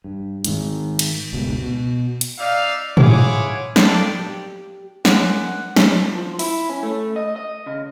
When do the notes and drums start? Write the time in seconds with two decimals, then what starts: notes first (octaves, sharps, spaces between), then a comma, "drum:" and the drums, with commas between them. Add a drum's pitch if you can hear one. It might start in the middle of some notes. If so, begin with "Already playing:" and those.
0.04 G2
0.45 G#2 D#3, drum: hi-hat
0.99 drum: cymbal
1.33 F#1 C#2 G#2 B2
1.62 B2
2.21 drum: hi-hat
2.38 D#4 D5 E5 F5
2.97 E4 F4 G#4 C#5 F#5 D6, drum: tom
3.76 D4 A4 A#4 D5 F5 G5, drum: snare
4.19 G4
5.05 G#3 A#3 C#4 F#5, drum: snare
5.76 F#2, drum: snare
5.96 F3
6.19 F3
6.39 E4, drum: open hi-hat
6.69 C#4
6.83 A3
7.16 D#5
7.36 D#5
7.66 C#3